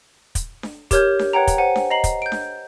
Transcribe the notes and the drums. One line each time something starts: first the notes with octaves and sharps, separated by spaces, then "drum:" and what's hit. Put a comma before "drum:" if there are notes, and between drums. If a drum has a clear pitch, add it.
drum: kick, hi-hat
drum: snare D4
G4 A#4 C#5 F6 G6, drum: kick, hi-hat
drum: snare D4
B4 C#5 F#5 G5 A#5
drum: kick, hi-hat
C5 F#5 G#5
drum: snare D4
D#5 A#5 C7 F#7
drum: kick, hi-hat
G6 D7
drum: snare D4